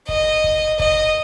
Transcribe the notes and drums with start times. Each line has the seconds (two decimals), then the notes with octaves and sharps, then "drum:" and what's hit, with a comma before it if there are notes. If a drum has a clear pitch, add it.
0.09 D#5, drum: kick
0.44 drum: kick
0.79 D#5, drum: kick